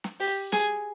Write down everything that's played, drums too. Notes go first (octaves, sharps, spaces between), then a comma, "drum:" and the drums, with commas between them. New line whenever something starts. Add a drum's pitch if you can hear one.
drum: snare
G4, drum: open hi-hat
G#4, drum: snare